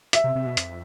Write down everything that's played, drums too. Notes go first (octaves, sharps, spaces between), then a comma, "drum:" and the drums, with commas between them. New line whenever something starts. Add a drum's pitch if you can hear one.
E5, drum: hi-hat
C3
C3
B2
F2, drum: hi-hat